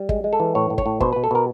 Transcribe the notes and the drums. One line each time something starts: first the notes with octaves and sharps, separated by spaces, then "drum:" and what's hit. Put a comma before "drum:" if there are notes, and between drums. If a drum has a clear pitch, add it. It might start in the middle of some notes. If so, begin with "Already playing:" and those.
Already playing: G3
G#3, drum: kick
G#3
A4
E3
A2 C#5
A2
C#5, drum: kick
A2
B2 C5, drum: kick
B2 B4
A4
B2 A#4